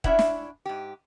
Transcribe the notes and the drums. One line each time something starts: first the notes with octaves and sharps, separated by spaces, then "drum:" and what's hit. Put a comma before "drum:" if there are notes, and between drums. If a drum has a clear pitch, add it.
C#4 D4 E4 E5 F#5, drum: kick D#1
drum: snare
G#2 G4